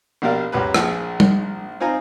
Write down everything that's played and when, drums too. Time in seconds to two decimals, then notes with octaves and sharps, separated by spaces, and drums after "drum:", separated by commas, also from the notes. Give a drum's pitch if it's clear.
0.22 A#1 B2 G4 A#4 D5 F5
0.52 C#2 F#2 G4 B4
0.74 A#1 F3 G#4, drum: rim click
1.20 drum: tom G3
1.80 C4 D#4 F4 G#5 A#5